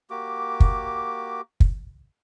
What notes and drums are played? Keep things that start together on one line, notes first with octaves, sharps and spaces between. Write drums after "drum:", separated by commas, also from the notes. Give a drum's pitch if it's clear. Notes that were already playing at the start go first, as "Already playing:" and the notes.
A#3 F#4 G4 D6
drum: kick
drum: kick